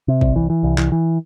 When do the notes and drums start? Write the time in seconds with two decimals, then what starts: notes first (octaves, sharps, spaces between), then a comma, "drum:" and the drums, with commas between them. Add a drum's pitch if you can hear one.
0.08 C3
0.21 C2, drum: kick G#1
0.36 E3
0.50 E3
0.63 C2
0.78 E3, drum: clap
0.92 E3